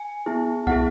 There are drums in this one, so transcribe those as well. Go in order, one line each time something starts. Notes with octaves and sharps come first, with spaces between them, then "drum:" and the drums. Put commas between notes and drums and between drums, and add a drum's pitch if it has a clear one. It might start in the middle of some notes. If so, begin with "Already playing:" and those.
Already playing: G#5
B3 E4 G#4
B3 E4 G#4 F#5, drum: kick C2